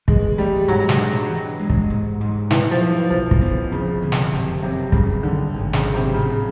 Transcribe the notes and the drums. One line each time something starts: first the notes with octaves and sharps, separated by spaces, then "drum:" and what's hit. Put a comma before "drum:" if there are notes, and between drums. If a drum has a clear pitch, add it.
E3 G#3, drum: kick
G3 A3
G#2 F#3
drum: snare
D4
E3
G#3
drum: kick
G#2
G#2
B2 E3, drum: snare
F3
F#3
E3
B1 F3
drum: kick
B3
F2 C#3
D3
drum: snare
F#1 C3
C3 F#3
G2 C#3, drum: kick
D3 D#3
G#1
C#3, drum: snare
F#3
C3
A2 C#3